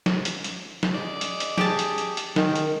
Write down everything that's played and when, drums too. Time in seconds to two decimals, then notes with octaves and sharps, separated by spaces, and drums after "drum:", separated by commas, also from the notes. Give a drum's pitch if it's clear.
0.06 drum: snare
0.25 drum: hi-hat
0.44 drum: hi-hat
0.83 drum: snare
0.95 G#4 D5 D#5
1.21 drum: hi-hat
1.40 drum: hi-hat
1.58 G4 G#4 A5, drum: snare
1.79 drum: hi-hat
1.98 drum: hi-hat
2.17 drum: hi-hat
2.36 D#3 G#3, drum: snare
2.56 drum: hi-hat